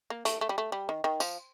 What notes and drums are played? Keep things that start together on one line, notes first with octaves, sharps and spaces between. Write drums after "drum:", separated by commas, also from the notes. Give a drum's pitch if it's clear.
A#3
A3, drum: hi-hat
A3
G3
A3
G3
D#3
D#3
F3, drum: tambourine